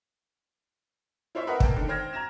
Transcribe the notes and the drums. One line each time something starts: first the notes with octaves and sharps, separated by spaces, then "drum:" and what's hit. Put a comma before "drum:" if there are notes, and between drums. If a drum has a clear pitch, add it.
E4 F4 C5 C#5 E5
A#4 B4 D#5 E5 F#5
A#3 G5 A5, drum: kick
D3 D#3
C5 G5 F6 G#6 A#6
A#5 G#6 A#6 E7